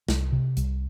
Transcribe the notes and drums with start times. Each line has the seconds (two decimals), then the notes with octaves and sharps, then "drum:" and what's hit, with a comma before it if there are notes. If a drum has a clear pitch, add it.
0.08 C2, drum: snare
0.32 C3
0.57 C2, drum: hi-hat